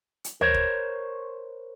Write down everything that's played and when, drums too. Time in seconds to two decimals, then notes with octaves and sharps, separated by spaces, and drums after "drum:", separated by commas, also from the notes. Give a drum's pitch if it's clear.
0.24 drum: hi-hat
0.41 A#4 C5 C#5, drum: tom D2
0.54 drum: kick